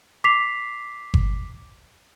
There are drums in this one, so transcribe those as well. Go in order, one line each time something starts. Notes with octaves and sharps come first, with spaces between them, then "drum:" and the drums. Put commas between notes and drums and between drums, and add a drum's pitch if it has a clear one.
D6 B6 C7 F7
drum: kick G1